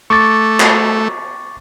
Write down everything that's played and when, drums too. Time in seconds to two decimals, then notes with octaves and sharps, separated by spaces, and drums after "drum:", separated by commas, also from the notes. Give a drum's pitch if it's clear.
0.10 A3 C#6 D6 A6
0.60 drum: clap